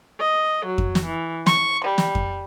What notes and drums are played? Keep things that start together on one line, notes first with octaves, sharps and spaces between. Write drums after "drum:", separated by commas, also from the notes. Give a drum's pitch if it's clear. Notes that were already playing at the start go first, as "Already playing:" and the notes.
D#5
F#3
drum: kick F2
drum: snare
E3
C#6, drum: snare
G3
drum: snare
drum: kick F2